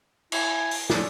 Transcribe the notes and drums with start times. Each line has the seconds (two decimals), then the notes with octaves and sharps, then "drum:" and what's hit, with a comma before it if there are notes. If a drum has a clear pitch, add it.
0.32 E4 G#5, drum: cymbal
0.71 drum: open hi-hat
0.90 C#4 D4 F4 G#4 A4 D5, drum: snare